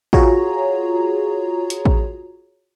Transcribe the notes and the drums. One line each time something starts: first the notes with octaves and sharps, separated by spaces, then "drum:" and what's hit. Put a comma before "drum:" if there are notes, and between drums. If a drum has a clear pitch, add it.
F4 F#4 G#4 C#5 A#5, drum: kick A1
drum: hi-hat
drum: kick A1